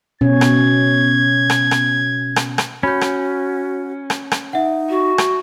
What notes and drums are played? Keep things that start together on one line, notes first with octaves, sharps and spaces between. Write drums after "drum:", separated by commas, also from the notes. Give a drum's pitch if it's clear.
B2 C#4 G#6
drum: rim click
drum: rim click
drum: rim click
drum: rim click
drum: rim click
C#4 F#4 B5 G6
drum: rim click
drum: rim click
drum: rim click
D#4 E5 F#5
F#4
drum: rim click